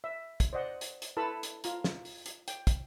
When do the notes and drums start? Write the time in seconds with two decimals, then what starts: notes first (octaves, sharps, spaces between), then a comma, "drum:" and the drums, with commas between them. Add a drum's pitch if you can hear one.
0.04 E5
0.40 drum: kick, hi-hat
0.53 C5 D5 D#5 F#5
0.81 drum: hi-hat
1.02 drum: hi-hat
1.17 E4 A4 B4 A5 B5 E6
1.43 drum: hi-hat
1.64 F4 A#5, drum: hi-hat
1.84 drum: snare
2.05 drum: open hi-hat
2.26 drum: hi-hat
2.48 G5, drum: hi-hat
2.67 drum: kick, hi-hat